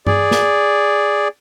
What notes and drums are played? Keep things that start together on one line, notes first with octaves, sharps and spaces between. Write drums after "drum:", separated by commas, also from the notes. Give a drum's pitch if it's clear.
G#4 D5, drum: tom G2
drum: snare